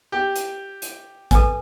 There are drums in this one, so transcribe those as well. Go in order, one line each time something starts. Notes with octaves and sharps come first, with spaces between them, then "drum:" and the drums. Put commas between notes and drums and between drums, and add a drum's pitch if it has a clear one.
G4
drum: hi-hat
drum: hi-hat
A4 B4 G#5, drum: kick, hi-hat